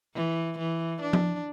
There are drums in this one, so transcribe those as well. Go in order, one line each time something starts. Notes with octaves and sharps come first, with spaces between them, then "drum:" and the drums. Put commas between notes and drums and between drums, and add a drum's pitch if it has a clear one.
E3
E3
D4
drum: tom F3